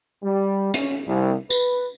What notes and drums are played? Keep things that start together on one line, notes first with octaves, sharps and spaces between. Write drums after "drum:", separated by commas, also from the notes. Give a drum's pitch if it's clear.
G3
C#4, drum: hi-hat
C2
B4, drum: tambourine